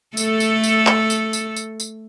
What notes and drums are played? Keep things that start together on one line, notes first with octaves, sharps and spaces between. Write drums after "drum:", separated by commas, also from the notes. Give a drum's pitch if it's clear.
A3 A4, drum: tambourine
drum: tambourine
drum: tambourine
drum: clap
drum: tambourine
drum: tambourine
drum: tambourine
drum: tambourine